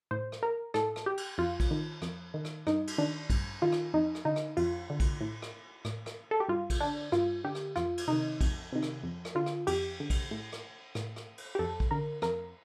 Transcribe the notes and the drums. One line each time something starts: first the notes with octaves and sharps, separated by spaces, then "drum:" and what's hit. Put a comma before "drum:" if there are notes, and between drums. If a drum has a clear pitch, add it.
A2 C5
drum: rim click
A#4
A2 A4, drum: rim click
drum: rim click
G4
drum: cymbal
F2 F4
drum: kick A#1, cymbal
D#3
F2, drum: rim click
D#3
drum: rim click
G2 D#4, drum: rim click
drum: cymbal
D#3 D4
G2, drum: kick A#1, cymbal
D#3 F4
drum: rim click
F2 D#4
drum: rim click
D3 D#4
drum: rim click
F2 F4, drum: cymbal
D3
drum: kick A#1, cymbal
A2
drum: rim click
A2, drum: rim click
drum: rim click
A4
G4
G2 F4
drum: kick A#1, cymbal
D3 D4
G2 F4, drum: rim click
D3 G4
drum: rim click
F2 F4, drum: rim click
drum: cymbal
C3 D#3 D#4
F2, drum: kick A#1, cymbal
C3 D#3
drum: rim click
F2
drum: rim click
D3 F4
drum: rim click
F2 G4, drum: cymbal
D3
drum: kick A#1, cymbal
A2
drum: rim click
A2, drum: rim click
drum: rim click
drum: cymbal
G4
F2 A4
drum: kick A#1
D3 A#4
F2 A#4, drum: rim click